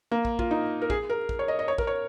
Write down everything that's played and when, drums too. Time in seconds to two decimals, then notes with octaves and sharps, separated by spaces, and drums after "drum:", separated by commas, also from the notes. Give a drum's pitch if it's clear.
0.12 A#3
0.25 drum: kick
0.39 F4, drum: kick
0.51 D#4
0.82 A#4
0.90 G#4, drum: kick
1.10 A#4
1.29 drum: kick
1.39 C#5
1.48 D#5
1.59 D#5
1.68 C#5
1.78 A#4, drum: kick
1.87 C#5